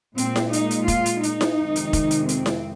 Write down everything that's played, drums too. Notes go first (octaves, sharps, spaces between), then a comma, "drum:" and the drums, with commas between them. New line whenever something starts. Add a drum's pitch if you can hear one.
A#2 G#3 C4, drum: hi-hat
drum: snare E4
D#4, drum: hi-hat
drum: hi-hat
F4, drum: kick F1, hi-hat
drum: hi-hat
D#4, drum: hi-hat
drum: snare E4
F2 C3 D#3 G#3
drum: hi-hat
drum: kick F1, hi-hat
drum: hi-hat
C4, drum: hi-hat
drum: snare E4